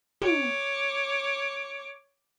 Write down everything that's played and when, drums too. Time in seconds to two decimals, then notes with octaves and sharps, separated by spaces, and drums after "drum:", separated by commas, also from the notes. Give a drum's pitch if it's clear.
0.21 C#5 D6, drum: tom